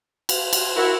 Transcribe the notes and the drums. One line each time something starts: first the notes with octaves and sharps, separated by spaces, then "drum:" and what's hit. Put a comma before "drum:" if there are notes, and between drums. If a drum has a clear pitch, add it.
drum: cymbal
drum: cymbal
E4 F#4 A#4